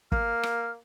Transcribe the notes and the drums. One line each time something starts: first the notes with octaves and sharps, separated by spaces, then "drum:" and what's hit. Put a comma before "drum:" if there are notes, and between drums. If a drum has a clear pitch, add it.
A#3 F6, drum: kick
drum: rim click